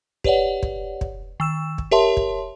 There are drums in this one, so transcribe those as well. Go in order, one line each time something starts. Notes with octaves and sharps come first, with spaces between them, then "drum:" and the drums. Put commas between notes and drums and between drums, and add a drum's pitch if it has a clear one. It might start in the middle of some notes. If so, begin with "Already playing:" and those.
G4 B4 C#5 D5 F#5, drum: kick
drum: kick
drum: kick
D#3 E6 E7
drum: kick
G4 A#4 C#5 E5 A5 C6
drum: kick